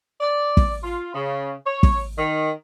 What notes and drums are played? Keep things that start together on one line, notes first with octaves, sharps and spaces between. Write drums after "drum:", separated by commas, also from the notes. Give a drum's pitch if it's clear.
D5
drum: kick
F4
C#3
C#5
drum: kick
D#3